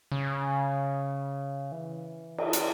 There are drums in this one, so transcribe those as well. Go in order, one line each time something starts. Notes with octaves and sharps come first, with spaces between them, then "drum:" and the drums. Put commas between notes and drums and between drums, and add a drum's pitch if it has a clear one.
C#3
E3
drum: cymbal
drum: hi-hat